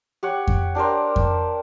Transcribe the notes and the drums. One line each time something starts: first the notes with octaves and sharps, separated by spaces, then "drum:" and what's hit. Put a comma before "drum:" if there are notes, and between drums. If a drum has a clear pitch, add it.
G4 C#5 F#5
drum: kick F2
D4 G4 A#4 C5
drum: kick F2